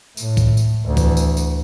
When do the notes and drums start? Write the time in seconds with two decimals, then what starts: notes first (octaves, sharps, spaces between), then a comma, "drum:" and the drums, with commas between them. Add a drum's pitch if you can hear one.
0.17 A2, drum: tambourine
0.37 drum: kick, tambourine
0.57 drum: tambourine
0.86 D2 E3
0.97 drum: kick, tambourine
1.17 drum: tambourine
1.37 drum: tambourine